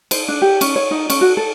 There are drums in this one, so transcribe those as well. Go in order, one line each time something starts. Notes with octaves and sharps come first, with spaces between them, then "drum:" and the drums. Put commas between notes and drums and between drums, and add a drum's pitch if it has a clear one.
C5, drum: cymbal
D4
G4
C#4, drum: cymbal
C#5
D#4
C#4, drum: cymbal
F#4
A4